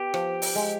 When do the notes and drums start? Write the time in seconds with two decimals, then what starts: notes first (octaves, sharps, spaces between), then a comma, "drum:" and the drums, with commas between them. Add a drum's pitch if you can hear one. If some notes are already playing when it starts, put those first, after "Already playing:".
Already playing: B3 G4
0.14 F3, drum: rim click
0.42 drum: open hi-hat
0.56 G#3